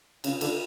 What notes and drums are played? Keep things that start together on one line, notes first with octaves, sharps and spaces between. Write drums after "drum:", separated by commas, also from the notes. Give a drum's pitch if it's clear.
C#3, drum: cymbal
D3, drum: cymbal